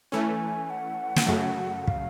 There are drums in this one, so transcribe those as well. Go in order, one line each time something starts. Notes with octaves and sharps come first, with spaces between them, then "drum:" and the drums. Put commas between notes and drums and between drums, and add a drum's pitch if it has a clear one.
E3 A3 C#4 G#5
F#5
drum: snare
F#2 C#3 F#3 A3
F#5
F5, drum: kick